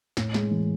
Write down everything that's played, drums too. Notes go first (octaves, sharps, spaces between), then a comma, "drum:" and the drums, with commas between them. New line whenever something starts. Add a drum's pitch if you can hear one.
A2, drum: snare
G#3, drum: snare
E3